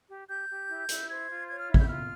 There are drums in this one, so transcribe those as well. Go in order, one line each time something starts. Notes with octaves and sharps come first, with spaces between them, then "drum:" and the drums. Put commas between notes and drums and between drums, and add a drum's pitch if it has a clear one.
G4
G4 G6
G4
E4
E4, drum: hi-hat
C5 G#6
F4
C#5 G#6
F6
E4
G#6, drum: kick
G6
F4 F6